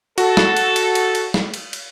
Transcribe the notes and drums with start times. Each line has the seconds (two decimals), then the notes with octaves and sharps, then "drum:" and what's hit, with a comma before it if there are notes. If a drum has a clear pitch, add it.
0.18 F#4 A4, drum: cymbal
0.37 drum: snare
0.57 drum: cymbal
0.76 drum: cymbal
0.95 drum: cymbal
1.15 drum: cymbal
1.34 drum: snare
1.54 drum: cymbal
1.73 drum: cymbal